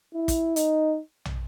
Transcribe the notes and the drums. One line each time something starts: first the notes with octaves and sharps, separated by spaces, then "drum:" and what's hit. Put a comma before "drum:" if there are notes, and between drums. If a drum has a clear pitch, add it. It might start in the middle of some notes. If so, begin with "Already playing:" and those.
E4
drum: kick, hi-hat
D#4, drum: hi-hat
drum: tom